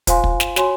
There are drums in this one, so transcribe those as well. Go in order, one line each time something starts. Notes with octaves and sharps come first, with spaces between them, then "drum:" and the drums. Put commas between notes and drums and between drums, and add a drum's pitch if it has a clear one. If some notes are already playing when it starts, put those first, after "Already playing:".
F4 C5 F5 G#5 C6, drum: kick, hi-hat
drum: kick
drum: snare
F#4 C#5 G#5 C6, drum: snare